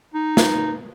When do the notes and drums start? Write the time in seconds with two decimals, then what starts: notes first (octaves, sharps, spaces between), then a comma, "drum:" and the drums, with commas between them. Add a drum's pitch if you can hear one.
0.14 D#4
0.37 drum: snare